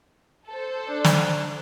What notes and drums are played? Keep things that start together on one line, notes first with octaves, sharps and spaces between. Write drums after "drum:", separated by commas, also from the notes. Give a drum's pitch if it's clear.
A4 C5
D4
drum: snare